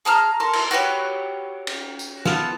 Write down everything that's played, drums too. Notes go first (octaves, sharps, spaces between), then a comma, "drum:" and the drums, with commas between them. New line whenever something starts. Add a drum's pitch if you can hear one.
G#4 A5 A#5 F6
A4 A#4 C6
drum: cymbal
F#4 G4 B4 C#5
drum: cymbal
drum: tambourine
B3 F4 A4, drum: snare